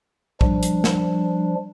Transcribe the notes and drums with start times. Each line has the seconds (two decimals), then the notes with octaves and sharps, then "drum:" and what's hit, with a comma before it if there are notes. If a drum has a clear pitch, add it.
0.41 F3 G3 D4, drum: kick
0.63 drum: hi-hat
0.84 drum: snare